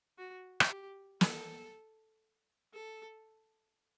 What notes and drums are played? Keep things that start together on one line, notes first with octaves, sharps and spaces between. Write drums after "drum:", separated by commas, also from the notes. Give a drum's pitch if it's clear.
F#4
drum: rim click
G4
A4, drum: snare
A4